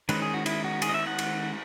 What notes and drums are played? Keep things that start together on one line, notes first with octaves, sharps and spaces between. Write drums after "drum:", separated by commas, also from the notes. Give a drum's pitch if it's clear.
D#3 G#3 C#4 B4, drum: cymbal
G#4
F#4
E4, drum: cymbal
F#4
G#4, drum: cymbal
D#5
E5
F#5
drum: cymbal